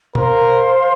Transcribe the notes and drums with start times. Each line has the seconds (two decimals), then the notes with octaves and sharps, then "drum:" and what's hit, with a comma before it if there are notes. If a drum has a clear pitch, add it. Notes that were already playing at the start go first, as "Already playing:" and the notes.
0.15 A#4 C5 F5 C6, drum: tom B2